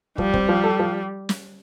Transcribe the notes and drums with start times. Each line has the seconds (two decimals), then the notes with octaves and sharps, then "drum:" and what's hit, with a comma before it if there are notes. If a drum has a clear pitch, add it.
0.18 F3 G3, drum: kick
0.34 C4, drum: kick
0.49 F3
0.64 A4
0.79 F3
1.29 drum: snare